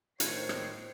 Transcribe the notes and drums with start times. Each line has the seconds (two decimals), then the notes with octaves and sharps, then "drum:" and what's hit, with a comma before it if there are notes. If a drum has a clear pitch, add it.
0.20 A2 D#3 F4 C5 C#5 G5 C7, drum: hi-hat
0.49 drum: rim click